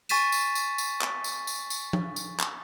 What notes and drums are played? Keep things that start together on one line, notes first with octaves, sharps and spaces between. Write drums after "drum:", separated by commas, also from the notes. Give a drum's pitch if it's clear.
G#5 C#6 A6 B6 D#7 E7, drum: tambourine
drum: tambourine
drum: tambourine
drum: tambourine
drum: clap
drum: tambourine
drum: tambourine
drum: tambourine
drum: tom F3
drum: tambourine
drum: clap